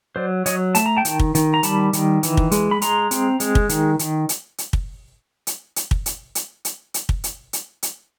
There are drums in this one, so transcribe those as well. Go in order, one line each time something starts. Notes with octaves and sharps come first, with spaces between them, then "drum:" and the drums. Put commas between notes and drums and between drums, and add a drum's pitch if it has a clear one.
F#3 C5 D5
F#3 C#5 D#5, drum: hi-hat
A3 A5, drum: hi-hat
A#5
G5 A5
D#3, drum: hi-hat
drum: kick
D#3, drum: hi-hat
A#5
G3 A5 B5, drum: hi-hat
D#3, drum: hi-hat
E3, drum: hi-hat
drum: kick
G#3, drum: hi-hat
B5
G#3 A#5 C6, drum: hi-hat
C4, drum: hi-hat
G#3, drum: hi-hat
drum: kick
D#3, drum: hi-hat
D#3, drum: hi-hat
drum: hi-hat
drum: hi-hat
drum: kick
drum: hi-hat
drum: hi-hat
drum: kick
drum: hi-hat
drum: hi-hat
drum: hi-hat
drum: hi-hat
drum: kick
drum: hi-hat
drum: hi-hat
drum: hi-hat